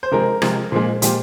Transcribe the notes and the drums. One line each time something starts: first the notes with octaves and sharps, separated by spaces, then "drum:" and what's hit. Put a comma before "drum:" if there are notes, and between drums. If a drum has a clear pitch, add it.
C5
C3 F3 G#3 A#4
C3 F3 G#3, drum: rim click
A#2 F3 G#3
A#2 F3 G#3 G4, drum: hi-hat